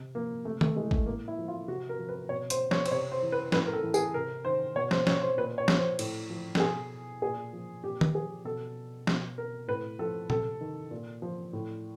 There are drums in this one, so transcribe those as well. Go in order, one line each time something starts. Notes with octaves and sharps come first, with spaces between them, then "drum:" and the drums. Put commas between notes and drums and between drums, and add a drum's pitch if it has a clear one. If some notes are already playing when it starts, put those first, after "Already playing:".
Already playing: C3
F3 A#3
C3 A3
A3, drum: tom D#3
E3 G#3
A3, drum: kick
A2 A#3
E4
F3
F4
C3 F#4
A#4
F3
B4
B2 C#5
C5, drum: hi-hat
C#5, drum: snare
C5, drum: cymbal
C3 C#5
C5
E3
B4
A2 B4, drum: snare
A#4
A4
E3
G#4, drum: tambourine
C3 A#4
D#3 C5
B2 C#5
C5, drum: snare
C#5, drum: snare
C5
A#2 B4
C#5
F3, drum: snare
C5
A2, drum: cymbal
F3
A4, drum: snare
B2 G#4
A#2 G#4
F3
A#2 G4
drum: tom D#3
F3 G#4
B2 A4
B2, drum: snare
A#4
A2 B4
F3 A4
C3 A4, drum: tom A#2
D#3
A#2
F3
A2